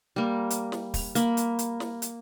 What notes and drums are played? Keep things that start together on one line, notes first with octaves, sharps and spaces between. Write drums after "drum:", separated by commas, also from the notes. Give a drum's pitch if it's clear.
G3 A#3
drum: hi-hat
drum: snare
drum: kick, open hi-hat
A#3 B5, drum: hi-hat
drum: hi-hat
drum: hi-hat
drum: snare
drum: hi-hat